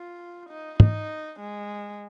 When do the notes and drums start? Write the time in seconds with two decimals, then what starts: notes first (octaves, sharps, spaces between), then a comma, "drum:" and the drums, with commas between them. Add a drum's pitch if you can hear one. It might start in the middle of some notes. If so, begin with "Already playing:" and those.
Already playing: F4
0.50 D#4
0.80 D#4, drum: tom
1.40 G#3